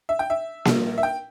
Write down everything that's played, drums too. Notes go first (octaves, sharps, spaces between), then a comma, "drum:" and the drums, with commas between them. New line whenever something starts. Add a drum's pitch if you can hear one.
E5
G5
E5
A#1 A#2 G3 A#3, drum: snare A#3
E5
G5